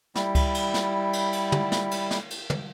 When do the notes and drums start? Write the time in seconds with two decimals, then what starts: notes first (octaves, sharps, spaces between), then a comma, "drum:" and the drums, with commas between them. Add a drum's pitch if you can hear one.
0.15 G3 E4, drum: snare
0.35 drum: kick C#2, cymbal
0.54 drum: cymbal
0.74 drum: snare
1.13 drum: cymbal
1.33 drum: cymbal
1.52 drum: tom
1.72 drum: snare
1.91 drum: cymbal
2.11 drum: snare
2.30 drum: cymbal
2.50 drum: tom